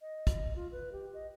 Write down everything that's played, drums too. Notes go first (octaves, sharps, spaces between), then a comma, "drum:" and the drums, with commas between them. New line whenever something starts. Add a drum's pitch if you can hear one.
D#5
drum: kick, hi-hat
F4
B4
G4
D#5